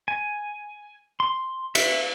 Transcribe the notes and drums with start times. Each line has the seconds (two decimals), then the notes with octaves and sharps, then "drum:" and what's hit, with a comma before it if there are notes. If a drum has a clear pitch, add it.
0.08 G#5
1.20 C6
1.75 E5, drum: cymbal